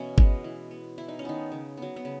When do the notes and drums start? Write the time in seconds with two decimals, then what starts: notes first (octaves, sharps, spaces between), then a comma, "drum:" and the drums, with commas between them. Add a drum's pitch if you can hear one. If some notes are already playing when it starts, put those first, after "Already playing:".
Already playing: B2 E3 C#4 E4
0.18 G#3 B3, drum: kick G#1
0.44 E3
0.71 B3
0.98 E3 E4
1.08 D#4
1.19 C#4
1.25 D#3 B3 D#4
1.52 C#3
1.77 F#3 B3
1.96 B3
2.05 C#3